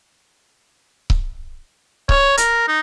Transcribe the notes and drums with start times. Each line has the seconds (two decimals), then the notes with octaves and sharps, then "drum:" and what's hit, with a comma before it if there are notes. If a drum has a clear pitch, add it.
1.10 drum: kick C#1
2.09 C#5, drum: kick C#1
2.38 A#4, drum: hi-hat
2.68 D#4